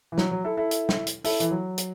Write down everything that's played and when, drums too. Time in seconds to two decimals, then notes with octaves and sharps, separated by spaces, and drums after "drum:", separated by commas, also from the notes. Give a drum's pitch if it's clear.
0.12 E3
0.18 F#3, drum: snare
0.31 F#3
0.44 E4 A4
0.57 E4 A4
0.71 drum: hi-hat
0.89 drum: snare
1.07 drum: hi-hat
1.24 E4 A4, drum: open hi-hat
1.40 E3, drum: hi-hat
1.51 F#3
1.78 drum: hi-hat